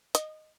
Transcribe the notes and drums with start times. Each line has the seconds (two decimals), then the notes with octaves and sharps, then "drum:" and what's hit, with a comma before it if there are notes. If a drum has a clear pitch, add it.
0.15 D#5, drum: hi-hat